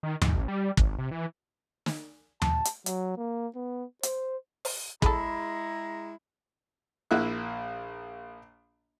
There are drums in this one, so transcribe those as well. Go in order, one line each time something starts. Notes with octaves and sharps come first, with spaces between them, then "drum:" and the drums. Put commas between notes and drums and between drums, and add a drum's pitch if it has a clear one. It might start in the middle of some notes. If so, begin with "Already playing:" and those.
D#3
G#2, drum: tom D#2
A1
G3
G#1, drum: kick
C3
E3
drum: snare
A5, drum: tom D#2
drum: hi-hat
F#3, drum: hi-hat
A#3
B3
C5, drum: hi-hat
drum: open hi-hat
G#3 E4 G#4 A4 A#5 B5, drum: kick
A#1 A#3 E4 E5 F#6